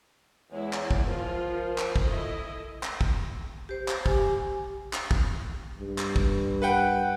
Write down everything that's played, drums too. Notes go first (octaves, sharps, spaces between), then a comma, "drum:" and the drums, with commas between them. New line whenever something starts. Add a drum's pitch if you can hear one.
E2 G#3 E4 C#5
drum: clap
drum: kick
F3 F4 A#4
drum: clap
drum: kick
E4 A4 D#5
drum: clap
drum: kick
G4 C5
drum: clap
G4 G#5, drum: kick
drum: clap
drum: kick
G2
drum: clap
drum: kick
B4 F#5 G5